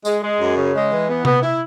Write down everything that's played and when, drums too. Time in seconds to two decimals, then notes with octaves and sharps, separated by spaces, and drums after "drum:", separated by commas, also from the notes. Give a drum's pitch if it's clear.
0.05 G#3, drum: tambourine
0.22 G#3
0.40 F#2
0.56 C#3
0.74 G#3
0.91 E3
1.08 B3
1.25 B3, drum: tom C3
1.42 E4